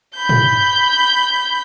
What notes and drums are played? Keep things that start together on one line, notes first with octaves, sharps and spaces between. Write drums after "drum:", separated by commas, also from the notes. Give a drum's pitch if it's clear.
B5 G6
drum: tom